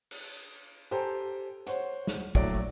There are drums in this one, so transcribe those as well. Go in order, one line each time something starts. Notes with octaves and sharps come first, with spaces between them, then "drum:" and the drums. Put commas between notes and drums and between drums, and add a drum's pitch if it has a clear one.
drum: cymbal
G4 A4 C5 G5 G#5 A#5
C5 C#5 F#5, drum: hi-hat
drum: snare
A#1 F#3 A3 E4 D5 D7, drum: kick